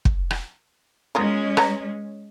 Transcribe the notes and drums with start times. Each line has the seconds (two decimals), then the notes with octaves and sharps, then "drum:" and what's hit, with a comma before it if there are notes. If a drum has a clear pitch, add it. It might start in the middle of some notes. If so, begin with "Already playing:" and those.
0.05 drum: kick
0.31 drum: rim click
1.15 G#3 B3 C#4 F4 A#4
1.57 B4 C#5 A#5, drum: rim click